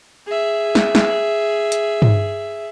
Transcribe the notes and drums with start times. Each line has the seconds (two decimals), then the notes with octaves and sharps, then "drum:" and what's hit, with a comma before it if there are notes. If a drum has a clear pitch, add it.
0.26 G#4 E5
0.75 drum: snare
0.95 drum: snare
1.72 drum: hi-hat
2.02 drum: tom